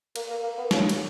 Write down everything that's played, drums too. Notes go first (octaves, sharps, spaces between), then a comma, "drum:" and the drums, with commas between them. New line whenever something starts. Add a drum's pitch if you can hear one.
A#3, drum: cymbal
A#3
A#3
B3
C#4, drum: snare
drum: cymbal